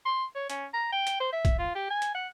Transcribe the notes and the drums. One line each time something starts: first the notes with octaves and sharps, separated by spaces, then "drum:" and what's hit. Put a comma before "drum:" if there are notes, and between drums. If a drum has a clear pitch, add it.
C6
C#5
C#4, drum: hi-hat
A#5
G5
drum: hi-hat
C5
E5
drum: kick, hi-hat
F4
G4
G#5
drum: hi-hat
F#5